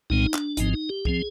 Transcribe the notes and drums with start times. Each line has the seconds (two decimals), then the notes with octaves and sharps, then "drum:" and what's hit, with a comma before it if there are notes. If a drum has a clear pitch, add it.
0.10 C2 A#2 G#3 C4 D#4
0.34 D4, drum: clap
0.57 G#1 G#2 F3 C4 D#4, drum: hi-hat
0.73 D#4
0.89 G4
1.05 F3 C4 G#4, drum: kick C2